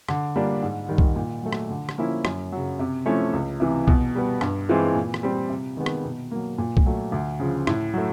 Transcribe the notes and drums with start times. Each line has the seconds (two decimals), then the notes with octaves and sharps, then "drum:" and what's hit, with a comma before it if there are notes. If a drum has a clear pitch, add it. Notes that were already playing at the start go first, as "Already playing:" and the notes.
0.08 D3, drum: rim click
0.36 G3 A#3 D4 F4
0.63 G#2
0.89 D#3 G3
0.98 drum: kick
1.16 A#2
1.43 F#3 A3
1.53 drum: rim click
1.71 D3
1.89 drum: rim click
1.98 F3 A#3 C#4 E4
2.25 F#2, drum: rim click
2.52 C#3 F#3
2.79 C3
3.06 F3 A3 C#4 E4
3.33 C#2
3.60 C3 E3
3.88 B2, drum: kick
4.15 G3 B3
4.41 G2, drum: rim click
4.69 E3 G#3 C4 F4
4.95 A#2
5.14 drum: rim click
5.23 G3 C4
5.50 C3
5.77 D#3 G#3 B3
5.86 drum: rim click
6.05 B2
6.31 F#3 A#3
6.58 A#2
6.77 drum: kick
6.86 F#3 A3
7.12 D2
7.39 C#3 F3
7.67 A2, drum: rim click
7.94 F#3 A3